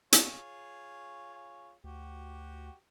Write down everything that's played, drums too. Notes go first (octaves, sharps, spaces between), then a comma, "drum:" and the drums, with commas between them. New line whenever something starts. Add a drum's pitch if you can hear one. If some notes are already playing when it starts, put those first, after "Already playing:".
F4 G#4 C#5, drum: hi-hat
D2 F#4 G4